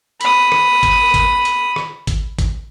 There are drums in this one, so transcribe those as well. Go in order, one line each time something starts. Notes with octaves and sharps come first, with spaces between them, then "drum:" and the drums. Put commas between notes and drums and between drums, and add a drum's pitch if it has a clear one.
B5 D#6, drum: hi-hat
drum: rim click
drum: kick A1, hi-hat
drum: kick A1, hi-hat
drum: hi-hat
drum: rim click
drum: kick A1, hi-hat
drum: kick A1, hi-hat